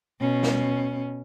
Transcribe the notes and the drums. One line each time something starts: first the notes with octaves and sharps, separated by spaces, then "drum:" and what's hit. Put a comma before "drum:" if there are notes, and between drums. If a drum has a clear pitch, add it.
B2 C#4
drum: snare